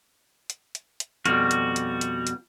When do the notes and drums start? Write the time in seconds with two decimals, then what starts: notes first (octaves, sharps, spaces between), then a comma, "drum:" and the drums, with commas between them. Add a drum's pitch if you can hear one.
0.50 drum: hi-hat
0.75 drum: hi-hat
1.00 drum: hi-hat
1.26 F2 B2 G3 F#4 F6, drum: hi-hat
1.51 drum: hi-hat
1.76 drum: hi-hat
2.01 drum: hi-hat
2.27 drum: hi-hat